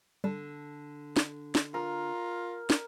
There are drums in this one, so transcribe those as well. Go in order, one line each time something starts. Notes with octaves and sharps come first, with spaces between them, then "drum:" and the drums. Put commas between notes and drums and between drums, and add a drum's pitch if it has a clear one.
D3 G3 A4
drum: snare
drum: snare
F4 A#4
drum: snare